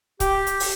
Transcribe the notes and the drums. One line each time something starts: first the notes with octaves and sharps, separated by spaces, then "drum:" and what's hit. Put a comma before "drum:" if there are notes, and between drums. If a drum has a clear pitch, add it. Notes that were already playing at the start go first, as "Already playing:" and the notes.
G4, drum: kick C#1, hi-hat
drum: hi-hat
drum: open hi-hat